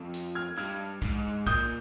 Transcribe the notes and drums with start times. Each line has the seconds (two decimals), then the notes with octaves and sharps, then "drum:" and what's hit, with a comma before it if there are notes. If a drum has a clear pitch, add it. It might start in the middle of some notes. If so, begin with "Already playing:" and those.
Already playing: F2
0.14 drum: hi-hat
0.35 F6 G#6
0.58 G2 F6 G#6
1.02 G#2, drum: kick
1.47 A#2 D#6 G6, drum: kick